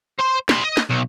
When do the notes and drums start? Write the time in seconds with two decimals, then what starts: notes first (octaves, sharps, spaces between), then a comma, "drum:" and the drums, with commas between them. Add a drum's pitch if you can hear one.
0.19 C5 C6
0.49 G3 C6, drum: snare
0.64 D#5
0.77 drum: snare
0.90 B1